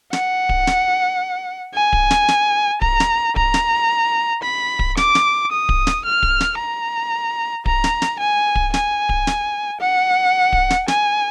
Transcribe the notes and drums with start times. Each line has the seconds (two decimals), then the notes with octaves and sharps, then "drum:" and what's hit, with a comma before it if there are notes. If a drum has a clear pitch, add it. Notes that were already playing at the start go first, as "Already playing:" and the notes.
0.13 F#5, drum: snare
0.49 drum: kick D1
0.67 drum: snare
1.74 G#5
1.93 drum: kick D1
2.11 drum: snare
2.28 drum: snare
2.82 A#5, drum: kick D1
3.00 drum: snare
3.36 A#5, drum: kick D1
3.54 drum: snare
4.43 B5
4.79 drum: kick D1
4.97 D6, drum: snare
5.15 drum: snare
5.51 D#6
5.69 drum: kick D1
5.87 drum: snare
6.05 F6
6.23 drum: kick D1
6.40 drum: snare
6.58 A#5
7.66 A#5, drum: kick D1
7.84 drum: snare
8.02 drum: snare
8.20 G#5
8.55 drum: kick D1
8.74 G#5, drum: snare
9.09 drum: kick D1
9.27 drum: snare
9.81 F#5
10.53 drum: kick D1
10.70 drum: snare
10.88 G#5, drum: snare